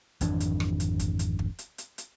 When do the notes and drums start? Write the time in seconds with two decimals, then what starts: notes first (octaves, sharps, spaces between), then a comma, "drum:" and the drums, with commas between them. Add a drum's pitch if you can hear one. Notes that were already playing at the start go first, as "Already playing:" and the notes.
0.21 G#1 F2 E3 D4, drum: hi-hat
0.40 drum: hi-hat
0.60 drum: rim click
0.80 drum: hi-hat
0.99 drum: kick, hi-hat
1.19 drum: hi-hat
1.39 drum: kick
1.59 drum: hi-hat
1.78 drum: hi-hat
1.98 drum: hi-hat